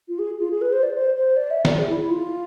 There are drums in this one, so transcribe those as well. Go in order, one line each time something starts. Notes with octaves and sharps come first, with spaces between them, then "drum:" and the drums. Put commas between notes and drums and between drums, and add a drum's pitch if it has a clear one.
F4
G#4
F4
G#4
B4
C5
D5
C5
C5
D5
E5
D5, drum: snare
G#4
E4
E4
F4